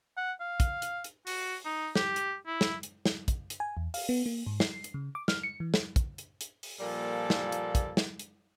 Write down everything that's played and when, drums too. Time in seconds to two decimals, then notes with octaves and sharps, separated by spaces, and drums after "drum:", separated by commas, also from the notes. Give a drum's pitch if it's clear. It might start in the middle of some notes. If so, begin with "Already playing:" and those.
0.17 F#5
0.40 F5
0.60 drum: kick, hi-hat
0.82 drum: hi-hat
1.04 drum: hi-hat
1.27 F#4, drum: open hi-hat
1.65 D#4
1.95 G4, drum: snare
2.16 drum: hi-hat
2.47 E4
2.61 drum: snare
2.83 drum: hi-hat
3.06 drum: snare
3.28 drum: kick, hi-hat
3.50 drum: hi-hat
3.60 G#5
3.77 E2
3.94 F5, drum: open hi-hat
4.09 B3
4.26 A#3
4.46 G#2
4.60 C7, drum: snare
4.84 drum: hi-hat
4.94 C#3
5.15 D6
5.28 F6, drum: snare
5.43 C#7
5.60 E3
5.74 drum: snare
5.96 drum: kick, hi-hat
6.18 drum: hi-hat
6.41 drum: hi-hat
6.63 drum: open hi-hat
6.80 A#2 F3 G3 A#3 A4
7.30 drum: snare
7.52 drum: hi-hat
7.75 drum: kick, hi-hat
7.97 drum: snare
8.19 drum: hi-hat